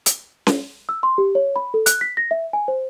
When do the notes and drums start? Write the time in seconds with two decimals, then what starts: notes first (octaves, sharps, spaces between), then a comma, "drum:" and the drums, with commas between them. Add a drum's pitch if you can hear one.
0.06 drum: hi-hat
0.47 drum: snare C#4
0.89 E6
1.03 C6
1.18 G4
1.35 C#5
1.56 B5
1.74 A4
1.86 F#6, drum: hi-hat
2.01 B6
2.17 A#6
2.31 E5
2.53 G#5
2.68 C5